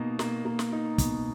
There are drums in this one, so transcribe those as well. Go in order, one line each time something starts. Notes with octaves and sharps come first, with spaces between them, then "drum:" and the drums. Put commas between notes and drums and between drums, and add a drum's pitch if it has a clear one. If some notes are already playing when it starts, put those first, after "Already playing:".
Already playing: B2 A#3 D#4
A#3, drum: snare
A#3
drum: snare
D#4
B2, drum: kick, hi-hat